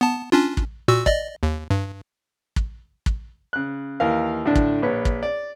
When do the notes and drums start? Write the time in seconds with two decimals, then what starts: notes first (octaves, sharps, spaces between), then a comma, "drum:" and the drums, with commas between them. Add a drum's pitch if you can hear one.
0.01 B3 A5
0.32 C#4 D4 F4
0.57 drum: kick
0.88 A#2 F#4 E6
1.06 D5 D#5, drum: kick
1.43 D#2
1.70 G2
2.56 drum: kick
3.06 drum: kick
3.53 C#3 F#6
4.00 D#2 E3 A#4 F5
4.45 A2 D3 D4
4.55 drum: kick
4.82 A#1 B4 C#5
5.05 drum: kick
5.23 D5